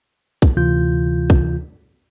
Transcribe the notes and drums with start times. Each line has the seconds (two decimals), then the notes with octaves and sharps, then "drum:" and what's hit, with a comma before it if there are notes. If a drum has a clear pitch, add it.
0.42 drum: kick
0.57 D2 C3 E3 F4 G6
1.30 drum: kick